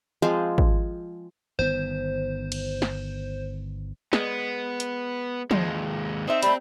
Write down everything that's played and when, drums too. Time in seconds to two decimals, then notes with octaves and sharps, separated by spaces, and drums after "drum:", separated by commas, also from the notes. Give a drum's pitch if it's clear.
0.22 F3 G#3 C4 G#4
0.58 drum: kick
1.59 G1 D#3 B3 C5
2.52 drum: cymbal
2.82 drum: snare
4.13 G#3 B3, drum: snare
4.80 drum: hi-hat
5.51 D#2 F3 G#3, drum: tom
6.27 C4 D#4 C5 E5
6.43 G3 A3 B5, drum: hi-hat